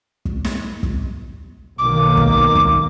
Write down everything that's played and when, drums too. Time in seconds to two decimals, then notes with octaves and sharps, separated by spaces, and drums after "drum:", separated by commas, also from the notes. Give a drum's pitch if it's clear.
0.25 drum: kick
0.45 drum: snare
0.83 drum: kick
1.79 B1 D#3 A#3 D6
2.17 drum: kick
2.55 drum: kick